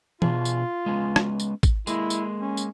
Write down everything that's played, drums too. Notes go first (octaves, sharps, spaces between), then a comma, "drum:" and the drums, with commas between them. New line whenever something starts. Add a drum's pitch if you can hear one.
B2 D4 F4 G#4, drum: tom E3
drum: tambourine
G#3 B3 C#4
drum: rim click
drum: tambourine
drum: kick, tambourine
G#3 A#3 E4, drum: tambourine
drum: tambourine
C#4
drum: tambourine